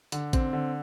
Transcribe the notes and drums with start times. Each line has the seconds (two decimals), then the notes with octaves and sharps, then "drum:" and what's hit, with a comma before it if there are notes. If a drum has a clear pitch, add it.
0.12 D3, drum: hi-hat
0.33 C4, drum: kick A1, hi-hat
0.53 D3